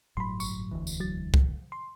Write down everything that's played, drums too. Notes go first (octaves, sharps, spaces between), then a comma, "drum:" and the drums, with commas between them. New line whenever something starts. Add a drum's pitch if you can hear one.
G1 A2 F#3 B5 C6
A1 C#6, drum: tambourine
E1 D2 E3
drum: tambourine
F#3 A6
drum: kick C2
C6